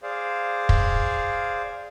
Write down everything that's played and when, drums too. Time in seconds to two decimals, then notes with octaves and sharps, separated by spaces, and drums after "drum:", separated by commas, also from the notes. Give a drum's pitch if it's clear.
0.03 G#4 C5 D5 F5
0.69 drum: kick